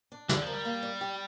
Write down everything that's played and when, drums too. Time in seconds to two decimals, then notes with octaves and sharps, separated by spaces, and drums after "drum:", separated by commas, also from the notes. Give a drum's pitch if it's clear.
0.12 D4
0.29 D3 D5, drum: snare
0.42 F3
0.47 A#4
0.53 G3
0.65 A#3
0.83 D5
1.01 G4